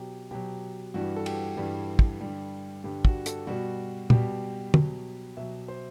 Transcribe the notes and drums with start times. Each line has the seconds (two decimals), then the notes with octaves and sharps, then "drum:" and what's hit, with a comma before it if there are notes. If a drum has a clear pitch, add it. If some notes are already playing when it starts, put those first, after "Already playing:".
Already playing: B2 F#3 G4
0.31 B2 F#3 G4
0.94 G2 E3 G3 F#4
1.16 A4
1.26 G4, drum: cymbal
1.57 G2 E3 G3
1.99 drum: kick
2.21 G2 D3 G3
2.84 G2 D3 G3 G4
3.05 F#4, drum: kick
3.26 A4, drum: hi-hat
3.47 B2 G3 F#4
4.10 B2 G3 G4, drum: tom A#2
4.74 B2 F#3, drum: tom
5.37 B2 F#3 E5
5.68 C5